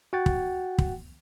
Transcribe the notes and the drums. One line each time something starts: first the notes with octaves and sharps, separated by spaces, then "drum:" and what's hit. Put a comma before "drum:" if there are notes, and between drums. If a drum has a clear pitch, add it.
F#4 F#5 G5 A6
drum: kick
drum: kick